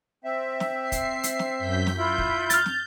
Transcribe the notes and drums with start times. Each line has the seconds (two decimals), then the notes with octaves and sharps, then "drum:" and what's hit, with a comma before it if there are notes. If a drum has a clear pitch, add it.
0.24 C4 E5
0.60 drum: snare
0.83 C7
0.92 drum: kick, hi-hat
1.23 drum: hi-hat
1.39 drum: snare
1.58 F#2 G6 B6
1.87 drum: snare
1.96 E4 F4 B5 G6
2.18 drum: kick
2.50 F6 A6, drum: hi-hat
2.66 drum: snare